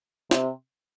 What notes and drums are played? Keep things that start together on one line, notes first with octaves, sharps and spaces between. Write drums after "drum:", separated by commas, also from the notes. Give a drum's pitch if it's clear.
C3, drum: snare